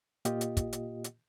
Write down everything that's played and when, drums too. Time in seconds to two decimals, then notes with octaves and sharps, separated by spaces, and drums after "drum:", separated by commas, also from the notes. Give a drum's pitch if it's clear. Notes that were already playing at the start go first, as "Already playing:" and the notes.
0.25 A#2 A#3 F4 G4 D#5, drum: hi-hat
0.41 drum: hi-hat
0.57 drum: kick, hi-hat
0.73 drum: hi-hat
1.04 drum: hi-hat